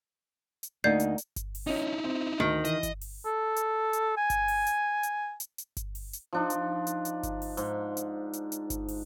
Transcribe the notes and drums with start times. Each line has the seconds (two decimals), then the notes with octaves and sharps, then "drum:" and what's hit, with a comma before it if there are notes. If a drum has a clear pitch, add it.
0.63 drum: hi-hat
0.84 D2 A#3 D#4 D5 G6 C7
1.00 drum: hi-hat
1.18 drum: hi-hat
1.36 drum: kick G1, hi-hat
1.55 drum: open hi-hat
1.67 C#4 D#4 E4 D#5
2.04 C4
2.40 D2 D#3
2.65 E3 D#5, drum: hi-hat
2.83 drum: kick G1, hi-hat
3.01 drum: open hi-hat
3.25 A4
3.56 drum: hi-hat
3.93 drum: hi-hat
4.17 G#5
4.30 drum: kick G1, hi-hat
4.48 drum: open hi-hat
4.66 drum: hi-hat
5.03 drum: hi-hat
5.40 drum: hi-hat
5.58 drum: hi-hat
5.77 drum: kick G1, hi-hat
5.95 drum: open hi-hat
6.13 drum: hi-hat
6.33 F3 D4 D#4
6.50 drum: hi-hat
6.87 drum: hi-hat
7.05 drum: hi-hat
7.23 drum: kick G1, hi-hat
7.42 drum: open hi-hat
7.57 G#2, drum: hi-hat
7.97 drum: hi-hat
8.33 drum: hi-hat
8.52 drum: hi-hat
8.70 drum: kick G1, hi-hat
8.88 drum: open hi-hat